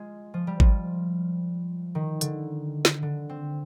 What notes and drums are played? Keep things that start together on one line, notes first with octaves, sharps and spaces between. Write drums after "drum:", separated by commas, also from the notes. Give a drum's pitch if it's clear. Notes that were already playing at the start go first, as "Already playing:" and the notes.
Already playing: G#3 F4
F3
G3
F3, drum: kick G#1
D#3
D3, drum: hi-hat
drum: snare
D3
C4